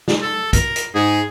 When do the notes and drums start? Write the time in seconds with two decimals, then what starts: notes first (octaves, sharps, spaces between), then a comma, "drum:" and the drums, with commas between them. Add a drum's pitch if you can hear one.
0.08 drum: snare
0.22 A4
0.53 A#4, drum: kick, hi-hat
0.76 drum: hi-hat
0.95 G#2 G#4